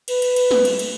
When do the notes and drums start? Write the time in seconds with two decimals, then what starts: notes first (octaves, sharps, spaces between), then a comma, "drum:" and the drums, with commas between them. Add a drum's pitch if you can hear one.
0.08 B4, drum: cymbal
0.22 drum: cymbal
0.36 drum: cymbal
0.51 drum: snare
0.65 drum: cymbal
0.79 drum: cymbal